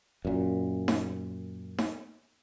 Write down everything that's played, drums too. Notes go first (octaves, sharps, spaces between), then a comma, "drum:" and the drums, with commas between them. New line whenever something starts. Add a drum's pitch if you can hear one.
F#2 A#2
drum: snare D#4
drum: snare D#4